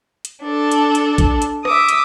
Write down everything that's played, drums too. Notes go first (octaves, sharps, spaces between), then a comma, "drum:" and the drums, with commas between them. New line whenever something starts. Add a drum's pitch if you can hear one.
drum: hi-hat
D4 A4
drum: hi-hat
drum: hi-hat
drum: kick A1, hi-hat
drum: hi-hat
E5 D6 D#6, drum: rim click
drum: hi-hat